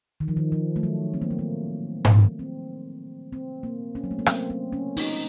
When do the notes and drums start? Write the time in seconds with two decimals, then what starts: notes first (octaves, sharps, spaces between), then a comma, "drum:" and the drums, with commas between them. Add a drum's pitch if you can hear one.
0.20 D#3
0.28 F3
0.37 D#3
0.52 F3
0.76 A3
0.83 F#3
1.14 C4
1.22 A#3
1.31 A3
1.39 A#3
2.05 drum: tom G#2
2.39 C4
3.33 C4
3.63 A#3
3.95 C#4
4.04 F#3
4.11 A3
4.19 A#3
4.26 C4, drum: rim click
4.50 C4
4.73 C#4
4.97 D#4, drum: open hi-hat